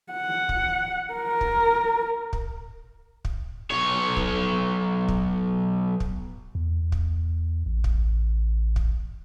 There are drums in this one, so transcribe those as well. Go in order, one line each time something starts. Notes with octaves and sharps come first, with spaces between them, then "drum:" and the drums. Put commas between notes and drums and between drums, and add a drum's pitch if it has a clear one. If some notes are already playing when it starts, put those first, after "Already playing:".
F#5
drum: kick
A#4
drum: kick
drum: kick
drum: kick
B1 C#5
drum: kick
drum: kick
drum: kick
E2
drum: kick
A1
drum: kick
drum: kick